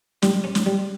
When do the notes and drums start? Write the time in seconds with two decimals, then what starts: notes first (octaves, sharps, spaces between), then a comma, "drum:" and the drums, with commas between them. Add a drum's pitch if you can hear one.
0.22 G3, drum: snare
0.44 C#4
0.55 drum: snare
0.66 G3